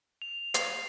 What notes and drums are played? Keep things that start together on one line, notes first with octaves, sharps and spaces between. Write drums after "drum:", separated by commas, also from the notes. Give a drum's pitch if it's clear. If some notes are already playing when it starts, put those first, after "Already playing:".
F7
C7, drum: hi-hat